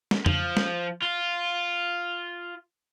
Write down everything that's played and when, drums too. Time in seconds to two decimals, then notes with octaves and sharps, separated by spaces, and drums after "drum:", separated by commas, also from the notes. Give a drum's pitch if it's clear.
0.11 drum: snare
0.26 F3, drum: tom F2
0.57 drum: snare
1.02 F4